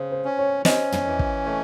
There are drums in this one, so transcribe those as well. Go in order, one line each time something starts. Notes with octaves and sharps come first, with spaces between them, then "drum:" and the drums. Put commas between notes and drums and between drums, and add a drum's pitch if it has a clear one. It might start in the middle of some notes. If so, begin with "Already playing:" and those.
Already playing: C#3 C5
C5
C#4
C#5
C#4 C5 D#5, drum: snare
drum: tom
E3
drum: kick
A3 C#5